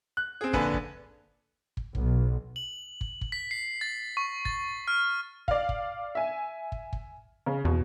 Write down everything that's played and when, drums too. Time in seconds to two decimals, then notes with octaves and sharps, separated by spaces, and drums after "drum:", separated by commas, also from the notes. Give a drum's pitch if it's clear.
0.17 F#6
0.41 C4 G#4
0.53 A#1 D3 D4 B4 G#5, drum: kick
0.74 drum: kick
1.77 drum: kick
1.95 B1, drum: kick
2.56 F#7
3.01 drum: kick
3.21 drum: kick
3.32 B6
3.51 C7
3.81 A6
4.17 C#6
4.45 A6, drum: kick
4.88 F6
5.48 D5 F5, drum: kick
5.69 drum: kick
6.15 E5 G#5
6.72 drum: kick
6.93 drum: kick
7.46 C#3
7.65 E2 B2